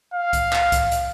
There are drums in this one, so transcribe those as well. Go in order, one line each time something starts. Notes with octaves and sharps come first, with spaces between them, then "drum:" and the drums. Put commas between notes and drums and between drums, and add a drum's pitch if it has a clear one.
F5
drum: kick C2, hi-hat
drum: clap
drum: kick C2, hi-hat
drum: hi-hat